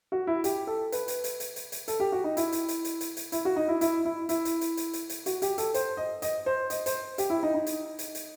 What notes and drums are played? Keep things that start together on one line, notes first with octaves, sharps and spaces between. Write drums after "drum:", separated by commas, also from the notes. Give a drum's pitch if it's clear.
F#4
E4
G4, drum: hi-hat
A4
B4, drum: hi-hat
drum: hi-hat
drum: hi-hat
drum: hi-hat
drum: hi-hat
drum: hi-hat
A4, drum: hi-hat
G4
F#4
D#4
E4, drum: hi-hat
drum: hi-hat
drum: hi-hat
drum: hi-hat
drum: hi-hat
drum: hi-hat
E4, drum: hi-hat
F#4
D#4
E4
E4, drum: hi-hat
E4
E4, drum: hi-hat
drum: hi-hat
drum: hi-hat
drum: hi-hat
drum: hi-hat
drum: hi-hat
F#4, drum: hi-hat
G4, drum: hi-hat
A4, drum: hi-hat
C5, drum: hi-hat
D#5
D#5, drum: hi-hat
C5
D#5, drum: hi-hat
C5, drum: hi-hat
G4, drum: hi-hat
E4
D#4
D#4
drum: hi-hat
drum: hi-hat
drum: hi-hat